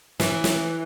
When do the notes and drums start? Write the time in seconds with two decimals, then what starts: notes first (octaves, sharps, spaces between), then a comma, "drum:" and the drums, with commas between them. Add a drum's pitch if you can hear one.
0.20 E3, drum: snare
0.44 drum: snare